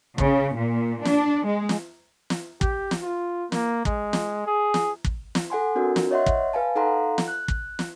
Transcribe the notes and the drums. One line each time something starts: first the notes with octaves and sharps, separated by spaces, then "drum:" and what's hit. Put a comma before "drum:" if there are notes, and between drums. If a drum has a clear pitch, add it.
C#3, drum: kick
A#2
D4, drum: snare
G#3
drum: snare
drum: snare
G4, drum: kick
drum: snare
F4
A#3, drum: snare
G#3, drum: kick
drum: snare
G#4
drum: snare
drum: kick
drum: snare
A4 F#5 G#5 C6
C4 D4 F#4 A#4
drum: snare
C#5 D#5 E5 F#5 C6
drum: kick
B4 F5 G#5 A5
D#4 A4 F5 F#5 A#5 C6
drum: snare
F#6
drum: kick
drum: snare